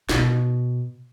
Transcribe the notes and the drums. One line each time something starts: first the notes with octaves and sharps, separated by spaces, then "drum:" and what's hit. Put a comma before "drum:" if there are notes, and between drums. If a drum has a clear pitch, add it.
B2, drum: snare